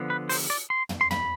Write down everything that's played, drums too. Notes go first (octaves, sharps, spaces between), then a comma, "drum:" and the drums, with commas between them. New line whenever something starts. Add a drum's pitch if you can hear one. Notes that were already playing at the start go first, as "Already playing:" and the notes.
Already playing: D3 F3 B3
B4
C5, drum: open hi-hat
D5
C6
drum: tom
C6
B5, drum: tom